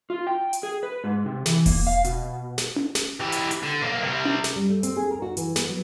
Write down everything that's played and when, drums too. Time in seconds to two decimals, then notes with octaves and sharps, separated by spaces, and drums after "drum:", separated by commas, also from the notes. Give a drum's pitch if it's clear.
0.10 F4
0.27 G5
0.53 drum: hi-hat
0.63 G#4
0.83 B4
1.04 G#2
1.26 C3
1.46 E3, drum: snare
1.66 A#3, drum: kick E1, open hi-hat
1.87 F5
2.04 B2, drum: hi-hat
2.58 drum: snare
2.76 drum: tom C#4
2.95 drum: snare
3.20 E3 G4
3.32 drum: hi-hat
3.51 drum: hi-hat
3.63 D3
3.82 B1 A#3
4.02 C3 G3
4.25 drum: tom C#4
4.44 drum: snare
4.56 G3
4.70 A3
4.83 C4, drum: hi-hat
4.97 G#4
5.11 A#4
5.22 F#4
5.37 E3, drum: hi-hat
5.56 B3, drum: snare
5.69 F#3